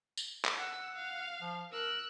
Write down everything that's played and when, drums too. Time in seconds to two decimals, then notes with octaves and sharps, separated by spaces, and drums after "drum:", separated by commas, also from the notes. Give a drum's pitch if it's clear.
0.17 drum: tambourine
0.45 drum: clap
0.59 F#5 E6
0.96 F5
1.42 F3
1.72 A#4 E6 F#6